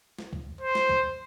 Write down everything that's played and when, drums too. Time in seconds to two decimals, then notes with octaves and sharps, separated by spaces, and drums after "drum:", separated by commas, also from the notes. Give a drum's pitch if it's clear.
0.18 drum: snare
0.33 drum: kick
0.61 C5
0.75 drum: snare
0.89 drum: kick